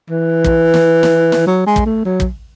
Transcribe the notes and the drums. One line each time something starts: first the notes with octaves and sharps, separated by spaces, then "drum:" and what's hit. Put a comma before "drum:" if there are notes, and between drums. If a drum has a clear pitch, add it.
E3
drum: kick
drum: snare
drum: snare
drum: snare
F#3
G#3
drum: kick
A3
F#3
drum: kick